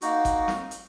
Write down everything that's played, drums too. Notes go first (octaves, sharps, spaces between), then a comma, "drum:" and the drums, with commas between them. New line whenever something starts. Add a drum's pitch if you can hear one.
A#3 D#4 F#4, drum: hi-hat
drum: kick G1, hi-hat
drum: snare
drum: hi-hat